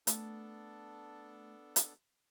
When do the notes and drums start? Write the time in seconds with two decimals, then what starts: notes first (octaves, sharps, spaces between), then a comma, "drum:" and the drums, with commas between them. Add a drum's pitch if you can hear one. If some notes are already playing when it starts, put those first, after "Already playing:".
0.07 A3 B3 D4 A4, drum: hi-hat
1.76 drum: hi-hat